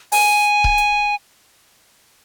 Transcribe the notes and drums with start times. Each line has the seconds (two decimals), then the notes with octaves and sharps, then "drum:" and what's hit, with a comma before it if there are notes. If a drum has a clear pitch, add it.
0.12 G#5, drum: open hi-hat
0.64 drum: kick C#1
0.78 drum: hi-hat